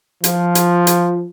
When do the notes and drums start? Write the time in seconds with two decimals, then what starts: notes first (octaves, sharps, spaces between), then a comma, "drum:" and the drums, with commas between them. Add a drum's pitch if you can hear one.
0.24 F3, drum: hi-hat
0.55 drum: hi-hat
0.87 drum: hi-hat